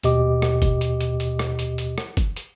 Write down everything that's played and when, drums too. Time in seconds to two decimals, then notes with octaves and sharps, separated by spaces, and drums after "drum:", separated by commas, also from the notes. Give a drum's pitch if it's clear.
0.03 D#2 B2 G4 D#5 D6, drum: hi-hat
0.42 drum: rim click
0.62 drum: kick, hi-hat
0.81 drum: hi-hat
1.01 drum: hi-hat
1.20 drum: hi-hat
1.39 drum: rim click
1.59 drum: hi-hat
1.78 drum: hi-hat
1.98 drum: rim click
2.17 drum: kick, hi-hat
2.36 drum: hi-hat